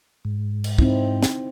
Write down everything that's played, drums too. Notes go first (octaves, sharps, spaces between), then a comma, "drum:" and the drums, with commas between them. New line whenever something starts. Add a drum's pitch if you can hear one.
G#2
drum: cymbal
C4 D#4 E4, drum: kick
drum: snare